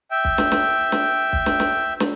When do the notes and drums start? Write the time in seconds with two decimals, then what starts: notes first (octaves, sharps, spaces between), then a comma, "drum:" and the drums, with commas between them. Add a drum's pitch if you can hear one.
0.11 E5 G5
0.25 drum: kick B1
0.38 drum: snare
0.52 drum: snare
0.92 drum: snare
1.33 drum: kick B1
1.46 drum: snare
1.60 drum: snare
2.00 drum: snare